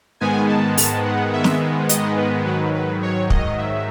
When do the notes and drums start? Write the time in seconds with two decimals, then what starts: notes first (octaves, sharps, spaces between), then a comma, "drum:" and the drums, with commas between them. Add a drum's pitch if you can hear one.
0.20 G#2 D#3 G#3 B3 G#5
0.49 A5
0.78 A5, drum: open hi-hat
1.05 F#5
1.33 E5
1.44 drum: snare
1.89 D#5, drum: hi-hat
2.17 B4
2.45 G#2 D#3 F#3 B4
2.74 B4
3.03 C#5
3.30 D#5, drum: kick
3.58 E5